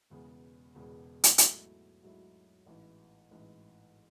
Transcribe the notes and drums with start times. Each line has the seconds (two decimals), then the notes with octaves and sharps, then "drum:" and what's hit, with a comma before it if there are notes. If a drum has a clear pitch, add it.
0.10 E1 E2 C#3 G#3 B3
0.75 E1 E2 C#3 G#3 B3
1.24 drum: hi-hat
1.38 G#2 F#3 A3 E4, drum: hi-hat
2.03 G#2 F#3 A3 E4
2.66 A1 G#2 E3
3.31 A1 G#2 E3